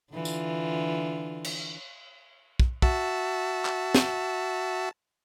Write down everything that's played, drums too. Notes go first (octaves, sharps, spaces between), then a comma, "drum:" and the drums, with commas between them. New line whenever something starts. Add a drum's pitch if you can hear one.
D3 E3 F4
drum: tambourine
drum: cymbal
drum: kick
F#4 E5 A5, drum: kick
drum: clap
drum: snare